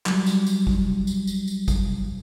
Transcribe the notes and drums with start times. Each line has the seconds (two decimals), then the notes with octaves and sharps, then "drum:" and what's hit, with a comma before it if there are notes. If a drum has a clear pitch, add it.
0.06 F#3 G3, drum: clap
0.26 drum: tambourine
0.47 drum: tambourine
0.67 drum: kick
1.07 drum: tambourine
1.27 drum: tambourine
1.48 drum: tambourine
1.68 drum: kick, tambourine